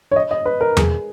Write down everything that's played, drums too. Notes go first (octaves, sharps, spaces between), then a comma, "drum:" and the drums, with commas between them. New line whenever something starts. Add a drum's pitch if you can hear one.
C#5
D#5
D#5
B4
A#4
G#4, drum: tom E2